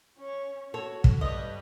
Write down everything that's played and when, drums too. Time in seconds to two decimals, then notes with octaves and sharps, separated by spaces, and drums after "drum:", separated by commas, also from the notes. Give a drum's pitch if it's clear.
0.18 C#4 C#5
0.74 F#4 A4 C#5
1.04 drum: kick
1.21 G2 G3 B4 C#5 D#5